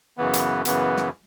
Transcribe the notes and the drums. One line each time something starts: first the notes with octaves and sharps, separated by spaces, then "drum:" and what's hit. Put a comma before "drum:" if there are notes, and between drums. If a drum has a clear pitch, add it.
F#2 C#3 E3 B3
drum: hi-hat
F#2 C#3 E3 B3, drum: hi-hat
drum: snare